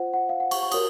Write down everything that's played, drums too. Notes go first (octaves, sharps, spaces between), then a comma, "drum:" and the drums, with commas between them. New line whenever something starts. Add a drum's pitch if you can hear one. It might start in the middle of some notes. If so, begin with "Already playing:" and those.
Already playing: F4 C5 F#5
F#5
F5
F#5
C#6, drum: cymbal
C#6
F#4 A#4 C#5 D#6, drum: cymbal